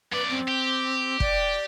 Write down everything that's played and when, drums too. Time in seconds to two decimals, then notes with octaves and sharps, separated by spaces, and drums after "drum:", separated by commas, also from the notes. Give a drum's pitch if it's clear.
0.12 F#2 B4 D5
0.29 C4
0.48 G4
1.20 D5, drum: kick